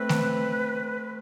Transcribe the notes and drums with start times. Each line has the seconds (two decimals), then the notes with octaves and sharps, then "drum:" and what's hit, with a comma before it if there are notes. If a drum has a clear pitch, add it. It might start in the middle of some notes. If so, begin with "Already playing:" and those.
Already playing: A3 C4 B4
0.09 drum: snare A3